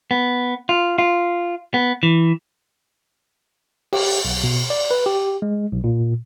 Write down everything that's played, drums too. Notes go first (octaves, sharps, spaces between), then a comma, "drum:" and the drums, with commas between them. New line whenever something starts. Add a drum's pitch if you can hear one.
B3
F4
F4
B3
E3
G4, drum: cymbal
B1
B2
D5
B4
G4
G#3
B1
A#2